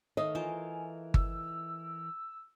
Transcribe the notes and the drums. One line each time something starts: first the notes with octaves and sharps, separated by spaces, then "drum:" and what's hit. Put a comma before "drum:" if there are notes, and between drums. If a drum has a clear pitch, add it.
D#3 A3 D#5 F5
E3 F4 A#4 C5 G#5
E6, drum: kick G1